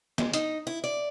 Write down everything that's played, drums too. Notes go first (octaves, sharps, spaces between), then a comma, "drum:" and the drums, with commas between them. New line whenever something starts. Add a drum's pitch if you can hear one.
G#3, drum: snare
D#4, drum: hi-hat
E4
D5